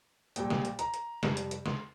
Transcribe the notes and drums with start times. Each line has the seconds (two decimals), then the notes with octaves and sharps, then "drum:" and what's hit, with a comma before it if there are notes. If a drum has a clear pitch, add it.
0.36 A#1 A#2 G3 G5, drum: hi-hat
0.50 drum: snare
0.65 drum: hi-hat
0.79 A#5, drum: hi-hat
0.94 drum: hi-hat
1.23 F2 C3 G3, drum: snare
1.37 drum: hi-hat
1.51 drum: hi-hat
1.66 C6, drum: snare